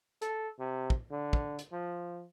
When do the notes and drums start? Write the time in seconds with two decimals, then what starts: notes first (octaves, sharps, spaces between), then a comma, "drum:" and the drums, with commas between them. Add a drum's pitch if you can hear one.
0.22 A4, drum: hi-hat
0.59 C3
0.90 drum: kick
1.12 D3
1.33 drum: kick
1.59 drum: hi-hat
1.73 F3